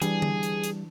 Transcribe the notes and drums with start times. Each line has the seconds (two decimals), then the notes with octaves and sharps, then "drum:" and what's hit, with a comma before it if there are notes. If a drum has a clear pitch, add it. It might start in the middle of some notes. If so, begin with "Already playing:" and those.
0.02 E3 G3 D4 G#4, drum: hi-hat
0.22 drum: tom D3
0.43 drum: hi-hat
0.64 drum: hi-hat